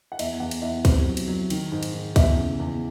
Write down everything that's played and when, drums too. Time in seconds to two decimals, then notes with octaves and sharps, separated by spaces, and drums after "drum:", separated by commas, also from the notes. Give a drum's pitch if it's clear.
0.12 F#5
0.19 E2 E5, drum: cymbal
0.40 E2 F#5
0.51 drum: cymbal
0.62 E2 E5
0.85 C3, drum: kick, cymbal
1.06 F#3
1.17 drum: cymbal
1.28 F#3
1.50 D#3, drum: cymbal
1.72 G#2
1.83 drum: cymbal
1.94 D#3
2.16 E2 E5, drum: kick, cymbal
2.37 C#3
2.59 E2